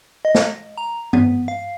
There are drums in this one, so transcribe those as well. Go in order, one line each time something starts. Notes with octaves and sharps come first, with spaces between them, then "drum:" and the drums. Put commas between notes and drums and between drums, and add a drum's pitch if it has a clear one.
D#5
drum: snare
A#5
B3, drum: tom
F5